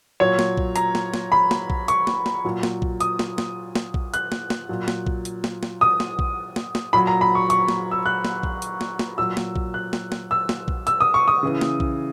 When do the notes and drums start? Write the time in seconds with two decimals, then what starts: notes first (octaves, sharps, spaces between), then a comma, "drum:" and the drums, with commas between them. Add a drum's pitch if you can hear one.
0.20 A#2 F#3 C#5
0.39 drum: snare
0.57 drum: kick A#1
0.76 A#5, drum: hi-hat
0.95 drum: snare
1.14 drum: snare
1.32 B5
1.51 drum: snare
1.70 drum: kick A#1
1.88 C#6, drum: hi-hat
2.07 drum: snare
2.26 drum: snare
2.45 A#2 F#3
2.63 drum: snare
2.82 drum: kick A#1
3.00 D#6, drum: hi-hat
3.19 drum: snare
3.38 drum: snare
3.76 drum: snare
3.94 drum: kick A#1
4.14 F#6, drum: hi-hat
4.32 drum: snare
4.50 drum: snare
4.69 A#2 F#3
4.88 drum: snare
5.06 drum: kick A#1
5.25 drum: hi-hat
5.44 drum: snare
5.63 drum: snare
5.81 D#6
6.00 drum: snare
6.19 drum: kick A#1
6.56 drum: snare
6.75 drum: snare
6.93 A#2 F#3 B5
7.07 A#5
7.21 B5
7.35 C#6
7.50 C#6, drum: hi-hat
7.68 drum: snare
7.91 E6
8.06 F#6
8.25 drum: snare
8.43 drum: kick A#1
8.62 drum: hi-hat
8.81 drum: snare
8.99 drum: snare
9.18 A#2 F#3 E6
9.37 drum: snare
9.56 drum: kick A#1
9.74 F#6
9.93 drum: snare
10.12 drum: snare
10.31 E6
10.49 drum: snare
10.68 drum: kick A#1
10.87 E6, drum: hi-hat
11.00 D#6
11.14 C#6
11.28 D#6
11.43 C#3 E3
11.61 drum: snare
11.80 drum: kick A#1